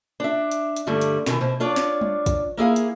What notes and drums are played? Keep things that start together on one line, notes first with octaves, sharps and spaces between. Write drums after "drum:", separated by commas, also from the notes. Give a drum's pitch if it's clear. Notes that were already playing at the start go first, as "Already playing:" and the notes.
D4 E5
drum: hi-hat
drum: hi-hat
G2 D3 G3 A3
drum: hi-hat
B2 D#3 E3, drum: snare
B2 C4
D4 F4 C#5 D5
drum: snare
drum: tom G3
drum: kick, hi-hat
A#3 E4 G#4 F5
drum: hi-hat